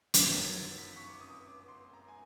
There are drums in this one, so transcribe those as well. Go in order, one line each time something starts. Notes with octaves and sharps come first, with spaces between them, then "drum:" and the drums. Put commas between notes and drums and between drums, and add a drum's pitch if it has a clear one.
drum: hi-hat
G1 F#2 D#3 F#3 G#6
A6
B6
C#6
D6
D#6
D6
C6
A#5
G#5